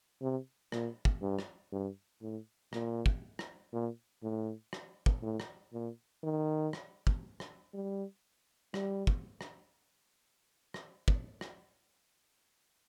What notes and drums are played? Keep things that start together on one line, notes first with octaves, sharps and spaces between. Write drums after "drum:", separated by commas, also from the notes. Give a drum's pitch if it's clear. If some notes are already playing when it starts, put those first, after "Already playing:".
C3
A#2, drum: rim click
drum: kick
G2
drum: rim click
G2
A2
A#2, drum: rim click
drum: kick
drum: rim click
A#2
A2
drum: rim click
drum: kick
A2
drum: rim click
A#2
D#3
drum: rim click
drum: kick
drum: rim click
G3
G3, drum: rim click
drum: kick
drum: rim click
drum: rim click
drum: kick
drum: rim click